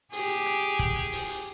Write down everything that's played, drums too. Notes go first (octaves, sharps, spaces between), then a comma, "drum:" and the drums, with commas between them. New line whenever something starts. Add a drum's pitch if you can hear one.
G4 G#4, drum: open hi-hat
drum: hi-hat
drum: hi-hat
drum: kick, hi-hat
drum: hi-hat
drum: open hi-hat
drum: hi-hat